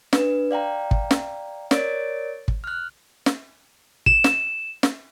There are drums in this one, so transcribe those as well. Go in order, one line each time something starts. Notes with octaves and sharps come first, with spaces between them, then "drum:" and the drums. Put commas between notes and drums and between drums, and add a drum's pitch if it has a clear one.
D4 B4, drum: snare
D5 F5 G5 A#5
drum: kick
drum: snare
A#4 C#5 D5 A6 D7, drum: snare
drum: kick
F6 F#6
drum: snare
E7, drum: kick
drum: snare
drum: snare